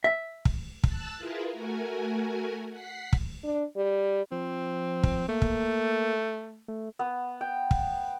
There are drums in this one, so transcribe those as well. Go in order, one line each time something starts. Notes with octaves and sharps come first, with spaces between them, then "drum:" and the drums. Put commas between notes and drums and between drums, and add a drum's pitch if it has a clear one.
E5
drum: kick
A5 E6 F#6 A6, drum: kick
E4 F4 G#4 A#4 B4
A3 F#4 A#4 G#5
F#5 B6 C7
drum: kick
D4
G3
F3 C4
drum: kick
A3 A#3
drum: kick
A3
B3
G5
drum: kick